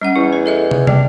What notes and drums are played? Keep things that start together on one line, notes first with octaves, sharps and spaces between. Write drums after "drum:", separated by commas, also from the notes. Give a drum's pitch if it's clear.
G3 C#4 F#5
E2 E4
B4
A4 D#5 E5
drum: tom
G3 D4 G5, drum: tom